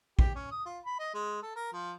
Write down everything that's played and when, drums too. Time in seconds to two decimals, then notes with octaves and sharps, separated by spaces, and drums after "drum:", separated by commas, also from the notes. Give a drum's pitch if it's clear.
0.19 G4, drum: kick A#1
0.35 C#4
0.51 D#6
0.66 F4
0.85 B5
0.99 D#5
1.14 G#3
1.42 A4
1.56 A#4
1.73 F3